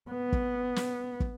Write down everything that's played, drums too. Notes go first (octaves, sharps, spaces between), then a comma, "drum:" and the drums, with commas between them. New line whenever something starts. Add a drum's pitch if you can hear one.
B3
drum: kick
drum: snare
drum: kick